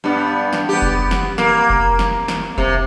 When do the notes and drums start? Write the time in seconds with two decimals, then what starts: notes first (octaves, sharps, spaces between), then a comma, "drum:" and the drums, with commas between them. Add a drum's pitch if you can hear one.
0.04 G2 G3 B3
0.53 drum: snare
0.69 B3 G4
0.82 drum: kick F1
1.11 drum: snare
1.38 A#3, drum: snare
1.70 drum: kick F1
1.99 drum: snare
2.28 drum: snare
2.58 C3, drum: kick F1